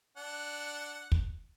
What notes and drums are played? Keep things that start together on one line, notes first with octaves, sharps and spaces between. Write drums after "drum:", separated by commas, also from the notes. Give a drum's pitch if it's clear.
D4 F#5
drum: kick